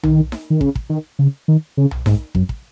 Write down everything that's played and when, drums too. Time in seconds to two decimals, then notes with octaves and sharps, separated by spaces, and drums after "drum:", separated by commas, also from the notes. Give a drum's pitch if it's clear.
0.03 D#3, drum: tom B1
0.32 drum: snare D#4
0.50 D#3
0.61 C#3, drum: kick
0.75 drum: kick
0.89 D#3
1.19 C#3
1.48 D#3
1.77 C#3
1.91 drum: tom B1
2.06 G#2, drum: snare D#4
2.35 F#2, drum: kick
2.49 drum: kick